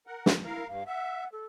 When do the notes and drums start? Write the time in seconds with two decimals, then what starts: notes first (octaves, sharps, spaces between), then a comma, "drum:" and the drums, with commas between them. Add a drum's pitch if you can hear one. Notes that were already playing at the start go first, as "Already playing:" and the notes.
0.07 A#4 F#5
0.26 drum: snare
0.45 E4 A#4 F5
0.68 G2 F5
0.87 E5 F#5
1.32 A4